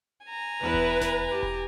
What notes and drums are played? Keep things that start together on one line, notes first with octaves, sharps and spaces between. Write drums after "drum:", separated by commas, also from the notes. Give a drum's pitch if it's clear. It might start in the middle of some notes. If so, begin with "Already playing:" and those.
G#5 A#5
E2 E4 B4
drum: kick E1
drum: snare D#1
G4
drum: kick E1